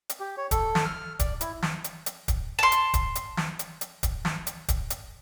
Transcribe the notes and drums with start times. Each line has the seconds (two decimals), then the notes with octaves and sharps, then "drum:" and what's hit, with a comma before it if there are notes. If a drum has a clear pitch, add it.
0.09 drum: hi-hat
0.20 G4
0.37 C#5
0.51 A4, drum: kick D1, hi-hat
0.75 drum: snare
0.85 F6
1.19 D5, drum: kick D1, hi-hat
1.41 E4, drum: hi-hat
1.62 drum: snare
1.84 drum: hi-hat
2.06 drum: hi-hat
2.28 drum: kick D1, hi-hat
2.59 A5 C6
2.72 drum: hi-hat
2.94 drum: kick D1, hi-hat
3.15 drum: hi-hat
3.37 drum: snare
3.59 drum: hi-hat
3.81 drum: hi-hat
4.03 drum: kick D1, hi-hat
4.25 drum: snare
4.47 drum: hi-hat
4.68 drum: kick D1, hi-hat
4.90 drum: hi-hat